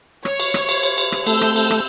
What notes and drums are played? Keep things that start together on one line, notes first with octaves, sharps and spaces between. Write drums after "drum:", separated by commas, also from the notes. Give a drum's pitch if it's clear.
C#5, drum: rim click
drum: cymbal
drum: rim click
drum: cymbal
drum: cymbal
drum: cymbal
drum: rim click
A3 C4 E6 G6, drum: cymbal
drum: rim click
drum: cymbal
drum: rim click